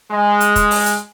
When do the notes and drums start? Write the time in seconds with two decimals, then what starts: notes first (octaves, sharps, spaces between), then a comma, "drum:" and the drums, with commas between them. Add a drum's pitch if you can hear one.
0.10 G#3
0.41 drum: hi-hat
0.56 drum: kick, hi-hat
0.71 drum: open hi-hat
0.86 drum: hi-hat